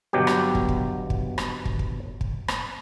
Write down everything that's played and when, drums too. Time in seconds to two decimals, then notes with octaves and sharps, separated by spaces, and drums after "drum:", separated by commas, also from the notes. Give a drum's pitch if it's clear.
0.13 G1 B2 F#3 G4
0.27 drum: rim click
0.55 drum: kick
0.69 drum: kick
1.10 drum: kick
1.38 drum: rim click
1.65 drum: kick
1.79 drum: kick
2.21 drum: kick
2.48 drum: rim click